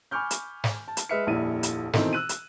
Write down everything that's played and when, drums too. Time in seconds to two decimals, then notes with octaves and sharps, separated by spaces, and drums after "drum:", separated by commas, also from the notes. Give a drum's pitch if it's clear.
0.11 G#5 B5 C#6 D6 F6 G6
0.31 drum: hi-hat
0.64 drum: snare
0.88 A5
0.97 drum: hi-hat
1.09 G#3 B4 E5 F6 C#7
1.26 D#1 A#1 F2 E4 D#7
1.63 drum: hi-hat
1.93 B2 D#3 E3 C4 D#4 A4, drum: snare
2.13 E6 F#6 D#7
2.29 drum: hi-hat